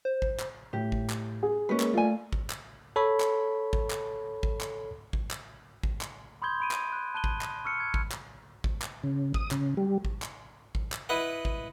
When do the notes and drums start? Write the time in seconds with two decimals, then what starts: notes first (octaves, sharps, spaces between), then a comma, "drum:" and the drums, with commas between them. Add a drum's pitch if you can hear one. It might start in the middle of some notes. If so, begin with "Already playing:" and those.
0.05 C5
0.22 drum: kick G#1
0.40 drum: clap
0.73 A2 G4
0.92 drum: kick G#1
1.10 drum: clap
1.43 G#4
1.69 G#3 A#3 C#4 B4
1.80 drum: clap
1.94 A3 F4 D5 G#5
2.33 drum: kick G#1
2.50 drum: clap
2.96 A4 C#5 B5
3.20 drum: clap
3.73 drum: kick G#1
3.90 drum: clap
4.43 drum: kick G#1
4.61 drum: clap
5.13 drum: kick G#1
5.31 drum: clap
5.83 drum: kick G#1
6.01 drum: clap
6.42 B5 C6 D#6 G6 G#6 G7
6.60 B5 D7 D#7
6.71 drum: clap
6.92 F#6
7.14 A5 F#6 D#7 G7
7.24 drum: kick G#1
7.41 drum: clap
7.65 C#6 E6 F6 C#7
7.80 G#6
7.94 drum: kick G#1
8.12 drum: clap
8.64 drum: kick G#1
8.82 drum: clap
9.03 C#3
9.34 D#6, drum: kick G#1
9.51 C#3, drum: clap
9.77 G3
10.05 drum: kick G#1
10.22 drum: clap
10.75 drum: kick G#1
10.92 drum: clap
11.09 E4 B4 D#5 F#5
11.45 drum: kick G#1